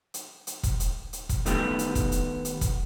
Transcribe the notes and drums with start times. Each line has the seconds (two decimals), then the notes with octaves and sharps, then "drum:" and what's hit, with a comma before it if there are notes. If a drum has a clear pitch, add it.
0.14 drum: hi-hat
0.47 drum: hi-hat
0.63 drum: kick E1, hi-hat
0.80 drum: hi-hat
1.13 drum: hi-hat
1.29 drum: kick E1, hi-hat
1.46 D#3 G3 A3 B3 G4, drum: hi-hat
1.79 drum: hi-hat
1.95 drum: kick E1, hi-hat
2.12 drum: hi-hat
2.45 drum: hi-hat
2.61 drum: kick E1, hi-hat